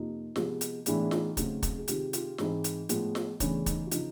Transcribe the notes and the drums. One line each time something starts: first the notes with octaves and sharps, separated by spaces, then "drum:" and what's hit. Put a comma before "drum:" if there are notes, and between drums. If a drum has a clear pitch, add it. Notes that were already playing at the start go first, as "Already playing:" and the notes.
Already playing: F2 C3 F3 A#3 D#4 F4
C3 F3 G#3 B3, drum: snare
drum: hi-hat
A2 E3 G#3 B3 D4 E4, drum: hi-hat
E4
D#4 F4, drum: snare
C#3 F#3 A3 C4, drum: kick, hi-hat
drum: kick, hi-hat
G#4
C3 D#3 G#3 C4 F4 G4, drum: hi-hat
F4 G4, drum: hi-hat
G#2 E3 G#3 C4 D#4, drum: snare
drum: hi-hat
A2 F3 G#3 B3, drum: hi-hat
drum: snare
E2 C#3 E3 A3 C#4 D4, drum: kick, hi-hat
D#4, drum: kick, hi-hat
F#4
C#3 F3 D#4 F4, drum: hi-hat